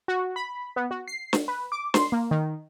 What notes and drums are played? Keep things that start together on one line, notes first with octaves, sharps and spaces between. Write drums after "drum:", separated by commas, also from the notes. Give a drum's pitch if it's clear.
F#4
B5
B3
F#4
C7
drum: snare
B4
D6
C6, drum: snare
A#3
D#3